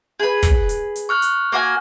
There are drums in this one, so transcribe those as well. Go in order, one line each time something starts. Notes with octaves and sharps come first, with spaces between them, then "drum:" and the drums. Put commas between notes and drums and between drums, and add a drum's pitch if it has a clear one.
G#4 B4
drum: kick, hi-hat
drum: hi-hat
drum: hi-hat
C#6 F6 F#6
drum: hi-hat
A#3 F#4 G#5